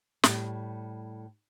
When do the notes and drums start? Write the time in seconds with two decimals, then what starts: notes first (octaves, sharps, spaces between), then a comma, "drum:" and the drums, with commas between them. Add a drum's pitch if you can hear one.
0.24 A2 G3, drum: snare